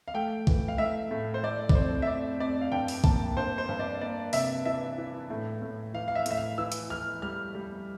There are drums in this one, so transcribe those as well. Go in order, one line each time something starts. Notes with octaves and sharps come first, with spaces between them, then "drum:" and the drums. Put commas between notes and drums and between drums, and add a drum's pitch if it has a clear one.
F5
A3 G5
E3, drum: kick B1
F5
A3 E5
A2
C5
A3 D5
D5, drum: kick B1
F2 C5
E5
F2 D5
F2 D5
F5
G2 G5
drum: open hi-hat
A#3 A5, drum: kick B1
G2 C5
C5
G2
D5
A#3 D5
C3 E5, drum: open hi-hat
E3 E5
E3
A2
A2
E3 F5
F5
E5
A2 E5, drum: hi-hat
F5
E3 E6
drum: hi-hat
E3 F6
G3 F6
G3